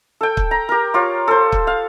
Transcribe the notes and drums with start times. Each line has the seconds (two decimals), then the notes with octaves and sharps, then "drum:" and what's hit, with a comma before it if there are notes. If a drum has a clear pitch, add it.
0.21 A4 G5
0.37 drum: kick
0.51 A#5
0.69 G4 A#4
0.94 F4 G4 C#5
1.28 A4 C5
1.52 drum: kick
1.67 F5